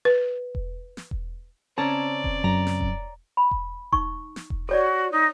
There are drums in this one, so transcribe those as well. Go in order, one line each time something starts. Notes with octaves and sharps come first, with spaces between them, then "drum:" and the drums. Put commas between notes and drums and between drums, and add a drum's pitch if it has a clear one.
B4
drum: kick E1
drum: snare
drum: kick E1
C#3 C4 C#4 C#5 D5 A5 A#5
drum: kick E1
F#2 A#5
drum: snare
drum: kick E1
B5
drum: kick E1
D#4 C#6, drum: kick E1
drum: snare
drum: kick E1
F#4 A4 C#5 D5
D#4